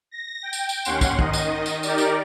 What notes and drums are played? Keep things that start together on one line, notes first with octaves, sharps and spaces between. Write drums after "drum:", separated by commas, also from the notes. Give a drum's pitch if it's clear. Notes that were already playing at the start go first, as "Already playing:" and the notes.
A#6
G5
drum: tambourine
drum: tambourine
D#2 C#4 F#5 C6, drum: tambourine
drum: kick, tambourine
D#3 D#5, drum: kick
drum: tambourine
drum: tambourine
D#4 G4 A#4 D5, drum: tambourine
drum: tambourine